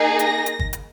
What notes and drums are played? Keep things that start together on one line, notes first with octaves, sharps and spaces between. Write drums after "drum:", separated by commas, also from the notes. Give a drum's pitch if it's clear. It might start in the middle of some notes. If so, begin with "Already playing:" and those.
Already playing: A#3 D#4 G#4
A#6, drum: hi-hat
drum: hi-hat
drum: kick
drum: hi-hat